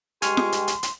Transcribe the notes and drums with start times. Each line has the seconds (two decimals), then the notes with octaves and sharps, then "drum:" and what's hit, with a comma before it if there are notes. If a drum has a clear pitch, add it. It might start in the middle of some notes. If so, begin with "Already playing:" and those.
0.22 G2 G#3 G4 G#5 C6 C#6 F6, drum: hi-hat
0.37 drum: snare F4
0.52 drum: hi-hat
0.68 drum: hi-hat
0.83 drum: hi-hat